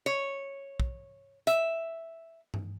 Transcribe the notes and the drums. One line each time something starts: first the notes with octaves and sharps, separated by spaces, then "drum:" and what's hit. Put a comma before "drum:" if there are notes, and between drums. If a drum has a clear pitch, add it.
C#5
drum: kick
E5, drum: hi-hat
drum: tom G2